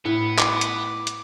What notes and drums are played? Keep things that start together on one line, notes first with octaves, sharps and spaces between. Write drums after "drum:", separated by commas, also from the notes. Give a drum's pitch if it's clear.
A2 B3 E4
D6, drum: clap
drum: hi-hat
drum: hi-hat